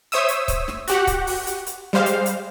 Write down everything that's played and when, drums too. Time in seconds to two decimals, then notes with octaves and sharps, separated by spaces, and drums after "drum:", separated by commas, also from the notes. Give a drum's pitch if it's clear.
0.12 C5 C#5 E5 D#6 E6
0.28 drum: hi-hat
0.48 drum: kick C#1, hi-hat
0.68 drum: snare
0.88 F#4 G4 F#5, drum: hi-hat
1.07 drum: kick C#1, hi-hat
1.27 drum: open hi-hat
1.47 drum: hi-hat
1.66 drum: hi-hat
1.93 G3 G#3 C5 F5
2.06 drum: hi-hat
2.26 drum: hi-hat